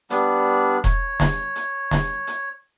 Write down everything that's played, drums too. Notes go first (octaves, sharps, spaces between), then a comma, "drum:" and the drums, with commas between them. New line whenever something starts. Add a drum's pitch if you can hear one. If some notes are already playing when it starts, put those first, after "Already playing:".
G3 B3 D4, drum: hi-hat
C#5, drum: kick E1, hi-hat
drum: snare
drum: hi-hat
drum: snare
drum: hi-hat